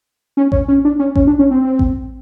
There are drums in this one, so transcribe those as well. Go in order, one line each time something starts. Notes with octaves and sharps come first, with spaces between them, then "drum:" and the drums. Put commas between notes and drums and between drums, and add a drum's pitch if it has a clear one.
C#4
C#4, drum: kick A1
C#4
D4
C#4
C#4, drum: kick A1
D4
C#4
C4
drum: kick A1